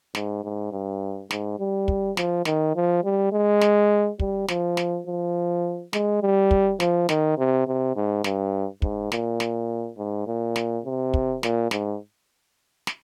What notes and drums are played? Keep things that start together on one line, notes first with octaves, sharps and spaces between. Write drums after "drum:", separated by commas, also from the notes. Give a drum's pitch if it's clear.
G#2, drum: snare
G#2
G2
G#2, drum: snare
G3
drum: kick
F3, drum: snare
D#3, drum: snare
F3
G3
G#3
drum: snare
G3, drum: kick
F3, drum: snare
drum: snare
F3
G#3, drum: snare
G3
drum: kick
F3, drum: snare
D#3, drum: snare
C3
C3
G#2
G2, drum: snare
G#2, drum: kick
A#2, drum: snare
drum: snare
G#2
A#2
drum: snare
C3
drum: kick
A#2, drum: snare
G#2, drum: snare
drum: snare